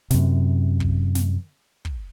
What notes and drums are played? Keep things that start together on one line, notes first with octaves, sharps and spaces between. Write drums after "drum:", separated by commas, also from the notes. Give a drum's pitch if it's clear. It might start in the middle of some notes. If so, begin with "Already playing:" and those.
F#2 C3, drum: snare
drum: kick
drum: snare
drum: kick